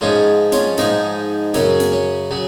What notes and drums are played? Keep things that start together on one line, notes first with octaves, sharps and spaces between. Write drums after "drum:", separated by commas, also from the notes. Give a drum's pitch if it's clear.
G#2 F3 G#3 C#4 F4
C#4 F4, drum: snare
G#2 F3 G#3 D#4, drum: snare
F#2 C#3 F#3 C#4, drum: snare
drum: snare
C#4
C#3 F#3